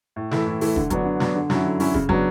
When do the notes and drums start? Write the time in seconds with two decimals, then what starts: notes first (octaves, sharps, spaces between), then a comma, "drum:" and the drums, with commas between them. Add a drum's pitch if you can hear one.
0.16 A2
0.31 E3 A3 E4, drum: snare
0.47 A2
0.61 E3 A3 E4, drum: open hi-hat
0.76 D3, drum: kick
0.90 F#3 B3 D4, drum: kick, hi-hat
1.05 D3
1.20 F#3 B3 D4, drum: snare
1.35 D3
1.50 F#3 C#4 E4, drum: snare
1.64 D3
1.80 F#3 C#4 E4, drum: open hi-hat
1.94 C#3, drum: kick
2.09 F#3 B3 D4, drum: kick